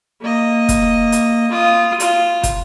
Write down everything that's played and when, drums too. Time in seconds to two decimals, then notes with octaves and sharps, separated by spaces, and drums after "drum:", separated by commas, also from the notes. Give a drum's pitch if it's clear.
0.21 A#3 D#5
0.69 drum: kick, hi-hat
1.12 drum: hi-hat
1.50 F4 D#6
2.00 F4, drum: hi-hat
2.43 drum: kick, hi-hat